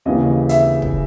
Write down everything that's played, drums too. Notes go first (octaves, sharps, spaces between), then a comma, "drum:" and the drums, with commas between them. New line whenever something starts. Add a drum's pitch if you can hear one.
D#2 C#3 E3 D#5
E5, drum: hi-hat
drum: kick